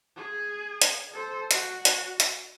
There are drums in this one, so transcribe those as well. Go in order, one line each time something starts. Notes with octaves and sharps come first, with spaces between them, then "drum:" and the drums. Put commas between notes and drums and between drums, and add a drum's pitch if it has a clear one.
G#4
drum: hi-hat
A4 C5
F#4, drum: hi-hat
drum: hi-hat
drum: hi-hat